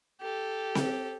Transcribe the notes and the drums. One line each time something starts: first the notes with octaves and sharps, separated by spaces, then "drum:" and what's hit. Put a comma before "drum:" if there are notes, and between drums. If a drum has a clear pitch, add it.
G4 A4
drum: snare C4